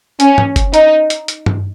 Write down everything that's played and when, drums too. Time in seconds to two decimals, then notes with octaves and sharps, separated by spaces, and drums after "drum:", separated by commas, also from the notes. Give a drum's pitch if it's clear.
0.20 C#4, drum: hi-hat
0.38 drum: tom
0.56 drum: kick F#1, hi-hat
0.74 D#4, drum: hi-hat
1.10 drum: hi-hat
1.28 drum: hi-hat
1.46 drum: tom G2